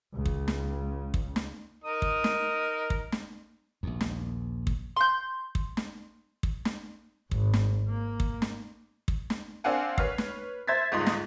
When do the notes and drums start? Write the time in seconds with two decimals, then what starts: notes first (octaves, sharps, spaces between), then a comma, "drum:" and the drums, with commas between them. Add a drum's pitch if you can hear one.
0.14 C#2 C#3
0.26 drum: kick
0.48 drum: snare
1.14 drum: kick
1.36 drum: snare
1.84 D#4 A#4 D#6
2.02 drum: kick
2.24 drum: snare
2.90 drum: kick
3.12 drum: snare
3.83 A#1 D#2
4.01 drum: snare
4.67 drum: kick
4.97 C6 G6
5.55 drum: kick
5.77 drum: snare
6.43 drum: kick
6.65 drum: snare
7.31 G#1, drum: kick
7.54 drum: snare
7.89 A#3
8.20 drum: kick
8.42 drum: snare
9.08 drum: kick
9.30 drum: snare
9.64 C4 D4 F5 F#5 G#5
9.98 B4 C#5 F6 C7, drum: kick
10.18 drum: snare
10.68 C5 E5 G#6 A6 B6
10.92 G1 C#2 G#2 D#5 C6
11.07 drum: snare